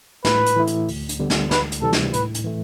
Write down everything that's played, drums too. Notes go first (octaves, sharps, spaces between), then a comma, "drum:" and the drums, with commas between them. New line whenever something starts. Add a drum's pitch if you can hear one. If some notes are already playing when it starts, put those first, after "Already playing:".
A2 B4, drum: snare
drum: hi-hat
E3 A3 E4
drum: hi-hat
D2, drum: open hi-hat
drum: hi-hat
D3 G3 B3
drum: snare
D2 B4, drum: snare
drum: hi-hat
C3 E3 G3 A4
drum: snare
A2 B4, drum: hi-hat
drum: hi-hat
E3 A3